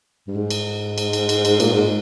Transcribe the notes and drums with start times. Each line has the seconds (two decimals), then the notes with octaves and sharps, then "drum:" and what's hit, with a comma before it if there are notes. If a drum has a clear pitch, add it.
0.28 G2
0.35 G#2
0.50 drum: cymbal
0.98 drum: cymbal
1.13 drum: cymbal
1.29 drum: cymbal
1.45 drum: cymbal
1.60 A#2, drum: cymbal
1.73 G#2